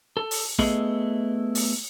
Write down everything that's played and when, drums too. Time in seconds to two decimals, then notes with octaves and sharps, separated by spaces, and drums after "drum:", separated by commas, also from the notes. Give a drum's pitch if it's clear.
0.17 A4
0.31 drum: open hi-hat
0.59 A3 B3 E4 G#4 A4 D#5, drum: kick
1.55 drum: open hi-hat